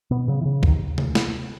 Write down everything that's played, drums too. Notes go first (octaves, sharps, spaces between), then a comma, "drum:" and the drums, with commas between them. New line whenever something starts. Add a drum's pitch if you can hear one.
B2 B3
C#3 F#3
E3
C#3
D#2 D#3, drum: kick C2
drum: tom
drum: snare